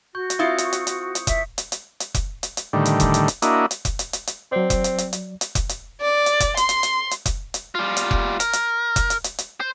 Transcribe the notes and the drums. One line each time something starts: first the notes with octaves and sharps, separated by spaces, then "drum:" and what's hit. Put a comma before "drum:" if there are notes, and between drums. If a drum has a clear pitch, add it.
F#4 C#6 G6
drum: hi-hat
C4 E4 F4 C#6 D#6 C#7
drum: hi-hat
drum: hi-hat
drum: hi-hat
drum: hi-hat
E5, drum: kick F1, hi-hat
drum: hi-hat
drum: hi-hat
drum: hi-hat
drum: kick F1, hi-hat
drum: hi-hat
drum: hi-hat
A2 D3 D#3 G3
drum: hi-hat
drum: kick F1, hi-hat
drum: hi-hat
drum: hi-hat
A#3 D4 E4 F#4 D#5, drum: hi-hat
drum: hi-hat
drum: kick F1, hi-hat
drum: hi-hat
drum: hi-hat
drum: hi-hat
F#3 C4 D5
drum: kick F1, hi-hat
drum: hi-hat
drum: hi-hat
drum: hi-hat
drum: hi-hat
drum: kick F1, hi-hat
drum: hi-hat
D5
drum: hi-hat
drum: kick F1, hi-hat
C6, drum: hi-hat
drum: hi-hat
drum: hi-hat
drum: hi-hat
drum: kick F1, hi-hat
drum: hi-hat
G3 F4
drum: hi-hat
drum: kick F1
A#4, drum: hi-hat
drum: hi-hat
drum: kick F1, hi-hat
drum: hi-hat
drum: hi-hat
drum: hi-hat
C5